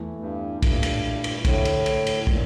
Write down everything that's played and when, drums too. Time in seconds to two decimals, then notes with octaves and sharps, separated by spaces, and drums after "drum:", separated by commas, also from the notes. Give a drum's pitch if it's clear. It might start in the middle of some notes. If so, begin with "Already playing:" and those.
Already playing: E2 E3 A3
0.21 G2
0.62 G2 A#2 A3 E4 A4, drum: kick, cymbal
0.83 drum: cymbal
1.24 drum: cymbal
1.45 D2 A2 D3 A3, drum: kick, cymbal
1.65 drum: cymbal
1.86 drum: cymbal
2.07 drum: cymbal
2.27 A#2 D3 F3 A3, drum: kick